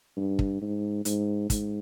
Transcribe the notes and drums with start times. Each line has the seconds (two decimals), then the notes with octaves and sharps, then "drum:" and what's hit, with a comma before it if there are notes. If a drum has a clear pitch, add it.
0.17 G2
0.39 drum: kick
0.61 G#2
1.05 G#2, drum: hi-hat
1.50 G#2, drum: kick, hi-hat